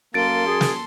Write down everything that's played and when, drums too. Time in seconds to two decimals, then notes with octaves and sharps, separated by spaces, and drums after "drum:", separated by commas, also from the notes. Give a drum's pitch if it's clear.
0.14 F#2 A#3 A4 C6 A6 D7
0.47 G#4
0.61 drum: snare